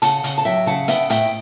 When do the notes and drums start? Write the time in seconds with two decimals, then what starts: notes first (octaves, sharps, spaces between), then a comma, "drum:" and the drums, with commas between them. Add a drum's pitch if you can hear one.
0.02 C#3 F#5 A5, drum: hi-hat
0.24 C#3, drum: hi-hat
0.38 A5
0.45 F#3 E5 G5
0.66 C#3 F#5 A5
0.88 B3 E5 G5, drum: hi-hat
1.10 A2 E5 G5, drum: hi-hat